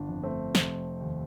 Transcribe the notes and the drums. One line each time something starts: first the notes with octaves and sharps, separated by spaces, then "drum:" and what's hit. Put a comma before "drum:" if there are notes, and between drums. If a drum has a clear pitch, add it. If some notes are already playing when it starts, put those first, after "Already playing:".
Already playing: G1 D4
F2
A3 C4
F1, drum: snare
D#2